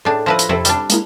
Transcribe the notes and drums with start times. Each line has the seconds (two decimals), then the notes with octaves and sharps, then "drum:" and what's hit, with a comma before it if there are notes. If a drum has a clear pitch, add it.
0.05 A2 D4 G#4
0.26 F3 E4 B4 A#6
0.39 drum: hi-hat
0.49 F2 C3 E4 A4
0.65 G3 D4, drum: hi-hat
0.90 G#3 A#3 E4, drum: hi-hat